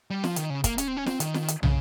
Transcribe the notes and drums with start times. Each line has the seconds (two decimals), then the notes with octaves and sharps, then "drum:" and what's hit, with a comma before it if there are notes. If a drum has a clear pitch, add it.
0.10 G3
0.24 F3, drum: snare
0.36 D#3, drum: hi-hat
0.50 C#3
0.64 A#3, drum: kick, hi-hat
0.78 C#4, drum: hi-hat
0.88 C4
0.97 C#4
1.06 C4, drum: snare
1.20 D#3, drum: hi-hat
1.34 drum: snare
1.48 drum: hi-hat
1.63 C#3, drum: tom